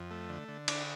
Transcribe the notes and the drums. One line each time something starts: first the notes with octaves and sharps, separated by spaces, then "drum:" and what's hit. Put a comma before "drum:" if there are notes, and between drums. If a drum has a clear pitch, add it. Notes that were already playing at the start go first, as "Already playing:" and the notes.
Already playing: F2
A3
D3
D3
D4, drum: cymbal